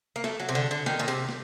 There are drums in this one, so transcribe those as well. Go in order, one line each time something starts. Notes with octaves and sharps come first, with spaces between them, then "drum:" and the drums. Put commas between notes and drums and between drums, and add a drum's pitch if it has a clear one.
A#3
A3, drum: snare
F#3
C3
D3
D3
D#3, drum: snare
A#2
C3, drum: tambourine
drum: snare